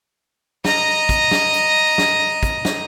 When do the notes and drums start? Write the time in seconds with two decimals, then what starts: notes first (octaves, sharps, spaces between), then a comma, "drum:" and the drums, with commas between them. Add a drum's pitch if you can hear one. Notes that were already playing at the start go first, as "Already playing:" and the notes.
0.65 D#5 A#5, drum: snare
1.09 drum: kick, hi-hat
1.31 drum: snare
1.54 drum: hi-hat
1.98 drum: snare
2.43 drum: kick, hi-hat
2.65 drum: snare